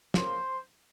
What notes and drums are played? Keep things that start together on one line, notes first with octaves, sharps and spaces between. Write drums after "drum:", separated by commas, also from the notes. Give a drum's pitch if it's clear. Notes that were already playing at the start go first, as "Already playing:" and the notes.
C#3 F3 A#3 C5, drum: snare